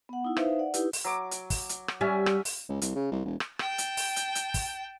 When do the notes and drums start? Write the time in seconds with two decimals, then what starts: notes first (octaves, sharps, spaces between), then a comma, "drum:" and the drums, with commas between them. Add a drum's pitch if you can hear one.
0.09 B3 F#5
0.25 D#4 E4
0.37 D#4 B4 C5 E5 F5, drum: rim click
0.59 D5 F#5
0.74 D#4 E4 G4 B4, drum: hi-hat
0.93 drum: open hi-hat
1.04 F#3 D6
1.31 drum: hi-hat
1.50 drum: kick, open hi-hat
1.69 drum: hi-hat
1.88 drum: rim click
2.01 G3 C#4 E5 G#5
2.26 drum: rim click
2.45 drum: open hi-hat
2.69 C#2
2.82 C2, drum: hi-hat
2.95 C#3
3.12 C2
3.25 E1
3.40 drum: rim click
3.59 G5 A5, drum: rim click
3.78 drum: hi-hat
3.97 drum: open hi-hat
4.16 drum: hi-hat
4.35 drum: hi-hat
4.54 drum: kick, open hi-hat